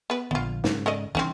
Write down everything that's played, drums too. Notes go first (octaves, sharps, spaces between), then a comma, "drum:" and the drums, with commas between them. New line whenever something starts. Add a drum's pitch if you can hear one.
B3 B4
A#1 D3 B3 F4
G#2 C#3, drum: snare
A4 D5 D#5
C2 E3 C4 C#4 D#4